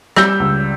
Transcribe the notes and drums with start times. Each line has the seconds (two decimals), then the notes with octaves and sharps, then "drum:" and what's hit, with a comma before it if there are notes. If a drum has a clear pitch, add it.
0.16 G3 E6 G6, drum: rim click
0.40 C#2